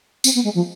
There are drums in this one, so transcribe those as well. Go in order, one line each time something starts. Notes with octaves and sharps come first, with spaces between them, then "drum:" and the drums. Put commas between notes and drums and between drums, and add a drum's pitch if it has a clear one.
C4, drum: tambourine
B3
G#3
F3